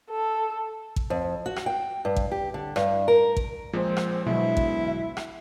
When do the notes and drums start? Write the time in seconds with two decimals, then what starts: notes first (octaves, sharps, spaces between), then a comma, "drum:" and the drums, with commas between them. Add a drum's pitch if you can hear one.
0.10 A4
0.96 drum: kick A1
1.10 F2
1.46 F#4
1.56 drum: rim click
1.66 G5
2.05 G2
2.16 drum: kick A1
2.32 G4
2.54 D3
2.76 G2, drum: rim click
3.08 A#4
3.37 drum: kick A1
3.73 A#2 F3 G#3 C4
3.97 drum: rim click
4.27 B2 D3 F#3 G#3 E4 E5
4.57 drum: kick A1
5.17 drum: rim click